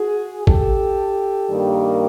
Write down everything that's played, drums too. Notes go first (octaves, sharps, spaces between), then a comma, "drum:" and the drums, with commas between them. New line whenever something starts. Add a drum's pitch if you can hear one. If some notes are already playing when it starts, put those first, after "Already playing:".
Already playing: F#4 G#4
G4 A4, drum: kick A1
G2 D#3 G3 A#3